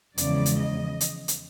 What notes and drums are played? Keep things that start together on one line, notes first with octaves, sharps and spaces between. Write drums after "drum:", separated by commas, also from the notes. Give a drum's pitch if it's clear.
E2 C#3 F3 G#3 D5, drum: hi-hat
drum: hi-hat
D#5
drum: hi-hat
drum: hi-hat